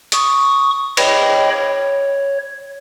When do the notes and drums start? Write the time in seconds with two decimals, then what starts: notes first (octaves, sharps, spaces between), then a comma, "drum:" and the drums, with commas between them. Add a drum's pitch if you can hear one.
0.12 C#6 D#6, drum: hi-hat
0.97 C#5 D#5 G5 B5, drum: cymbal
1.52 C#5